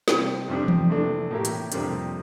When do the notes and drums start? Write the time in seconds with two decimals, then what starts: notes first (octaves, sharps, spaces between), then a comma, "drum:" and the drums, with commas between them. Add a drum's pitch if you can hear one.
0.08 C3 G3 C4, drum: snare
0.48 F2 C3 G3 D4
0.68 drum: tom E3
0.89 C3 E3 A3 D4
1.30 A2 E3 A#3 E4 G4
1.45 drum: hi-hat
1.72 F2 C3 G3 A#3 D4, drum: hi-hat